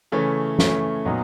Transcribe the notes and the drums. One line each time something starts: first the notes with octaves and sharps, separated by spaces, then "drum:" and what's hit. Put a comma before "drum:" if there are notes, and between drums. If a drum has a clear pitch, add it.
C#3 E3 A3 C#4
C#3 E3 A3 C#4, drum: snare
A#2 F#3 B3 D#4